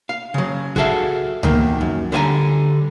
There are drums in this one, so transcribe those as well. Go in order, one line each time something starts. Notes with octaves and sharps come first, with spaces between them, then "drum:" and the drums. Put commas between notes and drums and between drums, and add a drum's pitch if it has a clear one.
F5
C#3 F#3
F#4 G#4 A4 E5 F5, drum: kick
E2 D#3 A#3, drum: tom C#2
F#2
D3 G3 C5 F5 G#5 A#5